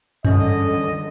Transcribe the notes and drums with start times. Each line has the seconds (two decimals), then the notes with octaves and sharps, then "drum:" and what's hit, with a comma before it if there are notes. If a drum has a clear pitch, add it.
0.25 C#2 D3 E3 G3 C#4 D#5, drum: tom F#2